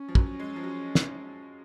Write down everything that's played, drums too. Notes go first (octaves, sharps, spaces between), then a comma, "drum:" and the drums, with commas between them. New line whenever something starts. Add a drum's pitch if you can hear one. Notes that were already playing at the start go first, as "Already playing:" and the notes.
Already playing: C#4
F3
F#3, drum: kick
G#3
F3
F#3
drum: snare